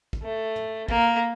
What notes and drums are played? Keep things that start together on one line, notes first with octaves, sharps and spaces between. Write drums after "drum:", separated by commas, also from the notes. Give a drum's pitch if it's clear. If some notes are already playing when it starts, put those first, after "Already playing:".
drum: kick
A3
drum: tom
A#3, drum: kick